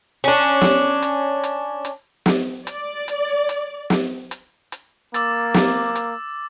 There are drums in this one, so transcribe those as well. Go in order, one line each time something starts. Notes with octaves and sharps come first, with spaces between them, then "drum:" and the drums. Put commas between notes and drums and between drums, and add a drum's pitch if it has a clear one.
C#4 D4
drum: snare
drum: hi-hat
drum: hi-hat
drum: hi-hat
drum: snare
D5, drum: hi-hat
drum: hi-hat
drum: hi-hat
drum: snare
drum: hi-hat
drum: hi-hat
A#3 D6 E6 A6, drum: hi-hat
drum: snare
drum: hi-hat